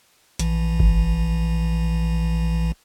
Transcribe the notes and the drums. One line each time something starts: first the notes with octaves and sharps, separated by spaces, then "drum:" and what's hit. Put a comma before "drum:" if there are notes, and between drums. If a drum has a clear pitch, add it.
A#1 E3, drum: hi-hat
drum: kick G1